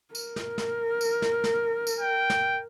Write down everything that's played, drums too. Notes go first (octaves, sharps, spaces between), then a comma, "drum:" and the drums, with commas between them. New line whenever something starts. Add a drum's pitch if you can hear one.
A#4, drum: tambourine
drum: snare
drum: snare
drum: tambourine
drum: snare
drum: snare
drum: tambourine
G5
drum: snare